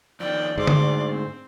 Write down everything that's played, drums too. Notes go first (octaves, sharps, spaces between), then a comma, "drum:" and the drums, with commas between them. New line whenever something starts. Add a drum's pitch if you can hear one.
F2 D#3 D5 G5
D2 G#2 C6 D6
drum: tom
C4